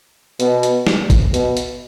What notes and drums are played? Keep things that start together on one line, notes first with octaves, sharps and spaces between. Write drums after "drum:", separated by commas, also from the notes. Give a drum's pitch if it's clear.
B2, drum: hi-hat
drum: hi-hat
drum: snare
drum: kick G#1, hi-hat
B2, drum: hi-hat
drum: hi-hat